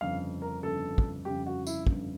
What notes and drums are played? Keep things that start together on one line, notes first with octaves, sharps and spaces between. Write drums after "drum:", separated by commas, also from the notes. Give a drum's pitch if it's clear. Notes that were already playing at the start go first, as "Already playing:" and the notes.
G1 F2 C#3 F5
A#4
G1 F2 C#3 A4
drum: kick
G1 F2 C#3 G4
F#4
E4, drum: tambourine
G1 F2 C#3, drum: kick